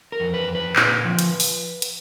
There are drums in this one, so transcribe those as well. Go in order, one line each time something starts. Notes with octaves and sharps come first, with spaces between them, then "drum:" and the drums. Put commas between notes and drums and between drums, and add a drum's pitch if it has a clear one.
A#4
F2
B4
F2
B4
A#2, drum: clap
F3
drum: hi-hat
drum: open hi-hat
drum: hi-hat